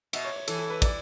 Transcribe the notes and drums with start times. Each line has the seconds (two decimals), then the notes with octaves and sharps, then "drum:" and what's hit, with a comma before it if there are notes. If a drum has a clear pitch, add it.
0.13 B2 E5, drum: cymbal
0.25 C#5
0.36 C#5
0.48 E3 A4, drum: cymbal
0.59 A4
0.70 B4
0.82 D5, drum: kick, cymbal